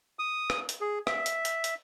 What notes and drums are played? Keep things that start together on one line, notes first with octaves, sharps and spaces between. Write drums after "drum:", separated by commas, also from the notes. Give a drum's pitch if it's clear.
D#6
drum: rim click
drum: hi-hat
G#4
E5, drum: rim click
drum: hi-hat
drum: hi-hat
drum: hi-hat